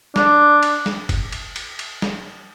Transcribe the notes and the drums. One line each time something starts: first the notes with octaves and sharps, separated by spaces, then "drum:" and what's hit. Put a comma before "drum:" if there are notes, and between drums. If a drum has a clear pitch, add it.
D4, drum: snare
drum: cymbal
drum: snare
drum: kick F#1, cymbal
drum: cymbal
drum: cymbal
drum: cymbal
drum: snare